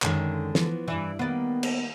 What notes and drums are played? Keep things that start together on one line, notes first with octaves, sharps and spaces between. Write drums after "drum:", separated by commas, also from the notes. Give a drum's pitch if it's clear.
F#2 D3 D#3 G#3, drum: clap
E3 F3 B3, drum: snare
G2 E3 E4 D5
D#3 G3 A#3 B3 D5
drum: cymbal